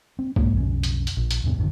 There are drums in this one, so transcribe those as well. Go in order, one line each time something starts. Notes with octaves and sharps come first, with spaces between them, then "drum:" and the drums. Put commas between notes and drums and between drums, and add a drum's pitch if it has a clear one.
C4
G#2 A#3, drum: kick B1
B1 F2 C#3
drum: hi-hat
drum: hi-hat
A#1
drum: hi-hat
D#2 G#2 C3 B3
A1 F2 D3 D#3